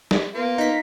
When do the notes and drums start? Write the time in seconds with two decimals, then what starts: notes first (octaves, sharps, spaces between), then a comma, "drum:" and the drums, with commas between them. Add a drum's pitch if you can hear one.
0.11 drum: snare
0.35 A#3 B3 F4 B4
0.58 D#4 B6